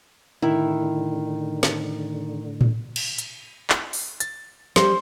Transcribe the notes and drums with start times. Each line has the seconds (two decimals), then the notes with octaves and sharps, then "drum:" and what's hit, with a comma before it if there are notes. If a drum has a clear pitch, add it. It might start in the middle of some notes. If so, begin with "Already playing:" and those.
0.42 A2 D3 D#3 E4
1.63 drum: snare
2.61 drum: tom A2
2.96 drum: cymbal
3.18 drum: hi-hat
3.70 drum: clap
3.93 drum: open hi-hat
4.20 A6, drum: hi-hat
4.76 G3 C5 C6, drum: snare